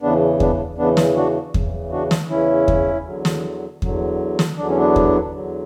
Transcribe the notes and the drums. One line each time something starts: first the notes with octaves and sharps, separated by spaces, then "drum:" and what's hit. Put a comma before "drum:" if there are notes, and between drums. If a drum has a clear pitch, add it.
E2 C#3 E3 B3 D4
B3 D4, drum: kick E2
E2 C#3 E3 B3 D4
drum: snare
D4 F#4
E2 C#3 E3, drum: kick E2
D4 F#4
drum: snare
E2 C#3 E3 C#4 E4
drum: kick E2
E2 D3 F#3
drum: snare
E2 D3 F#3, drum: kick E2
drum: snare
E2 D3 F#3 D4
C#4
B3 D4
drum: kick E2
E2 D3 F#3